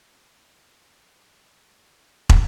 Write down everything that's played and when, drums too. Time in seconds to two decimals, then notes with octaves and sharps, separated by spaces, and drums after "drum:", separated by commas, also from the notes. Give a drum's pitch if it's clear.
0.15 G2 D#3 G3 B3 F#5
0.24 G#5
0.33 G5
0.42 A5
0.86 A#5
1.04 A5
1.22 G#5
2.29 drum: kick